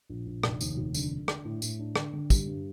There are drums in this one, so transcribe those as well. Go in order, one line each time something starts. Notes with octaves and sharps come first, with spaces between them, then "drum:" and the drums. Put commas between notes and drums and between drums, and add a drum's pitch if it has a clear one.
A#1
A#1
F1, drum: rim click
D#2, drum: tambourine
F1
D3, drum: tambourine
D3
D4, drum: rim click
A2
A2, drum: tambourine
D4
D3, drum: rim click
D3
G3, drum: kick, tambourine
G2